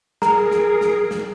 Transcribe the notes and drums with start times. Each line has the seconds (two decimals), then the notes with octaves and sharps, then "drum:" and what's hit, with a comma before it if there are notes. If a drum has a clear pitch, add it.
0.22 G#4 A#4 A#5, drum: snare
0.51 drum: snare
0.81 drum: snare
1.11 drum: snare